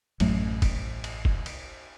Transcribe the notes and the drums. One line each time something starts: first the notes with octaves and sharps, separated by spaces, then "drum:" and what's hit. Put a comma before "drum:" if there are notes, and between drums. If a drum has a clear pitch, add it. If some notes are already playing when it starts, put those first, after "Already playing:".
A1 F#2 F#3 A3, drum: cymbal
drum: kick, cymbal
drum: cymbal
drum: kick
drum: cymbal